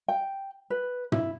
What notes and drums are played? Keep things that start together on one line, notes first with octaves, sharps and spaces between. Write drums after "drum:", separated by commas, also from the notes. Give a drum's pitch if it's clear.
G5
B4
E4, drum: tom